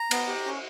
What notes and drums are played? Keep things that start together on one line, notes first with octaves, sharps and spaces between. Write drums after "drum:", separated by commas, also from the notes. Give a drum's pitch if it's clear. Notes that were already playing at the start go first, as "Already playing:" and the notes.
Already playing: A#5
B3, drum: cymbal
G4
C#4